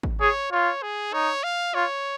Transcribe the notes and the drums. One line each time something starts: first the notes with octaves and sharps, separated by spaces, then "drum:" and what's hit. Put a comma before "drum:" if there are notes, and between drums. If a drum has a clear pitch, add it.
drum: kick G#1
G#4 C#5
F4 C#5
G#4
D#4 C#5
F5
F4 C#5